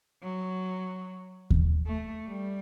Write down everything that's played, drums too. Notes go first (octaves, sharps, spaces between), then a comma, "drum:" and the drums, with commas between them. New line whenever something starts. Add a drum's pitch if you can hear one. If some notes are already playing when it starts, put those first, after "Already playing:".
F#3
drum: kick D#2
A3
G3